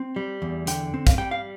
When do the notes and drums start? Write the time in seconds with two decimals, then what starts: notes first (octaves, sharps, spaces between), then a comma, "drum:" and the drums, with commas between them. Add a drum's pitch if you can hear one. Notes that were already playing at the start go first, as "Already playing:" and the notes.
Already playing: C4
0.16 G3
0.42 E2
0.67 D3 G5, drum: hi-hat
0.94 C4
1.07 F5, drum: kick, hi-hat
1.18 G3 G5
1.31 F5